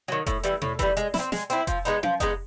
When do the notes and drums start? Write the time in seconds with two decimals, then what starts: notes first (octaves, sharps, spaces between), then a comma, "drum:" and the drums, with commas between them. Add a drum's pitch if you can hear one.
0.08 D#3 F#3
0.27 A2, drum: kick F1, hi-hat
0.43 E3 G3, drum: hi-hat
0.62 A2, drum: tom B2
0.79 E3 G3, drum: kick F1, hi-hat
0.97 G#3, drum: hi-hat
1.14 E4, drum: snare
1.19 C4
1.32 G#3, drum: snare
1.50 C4 E4, drum: hi-hat
1.67 F3, drum: kick F1, hi-hat
1.85 G#3 B3 D#4, drum: hi-hat
2.03 F3, drum: tom C#4
2.20 G#3 B3 D#4, drum: kick F1, hi-hat